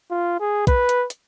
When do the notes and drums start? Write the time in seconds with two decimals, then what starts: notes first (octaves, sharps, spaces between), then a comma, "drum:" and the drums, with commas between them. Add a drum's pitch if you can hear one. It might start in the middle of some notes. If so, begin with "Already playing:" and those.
0.11 F4
0.40 G#4
0.67 B4, drum: kick, hi-hat
0.89 drum: hi-hat
1.10 drum: hi-hat